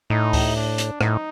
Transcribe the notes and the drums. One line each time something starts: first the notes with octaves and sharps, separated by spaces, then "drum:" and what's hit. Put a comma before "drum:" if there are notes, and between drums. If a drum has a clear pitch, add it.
A2 D#4
drum: kick C#2, open hi-hat
D4
drum: hi-hat
A2 D#4, drum: rim click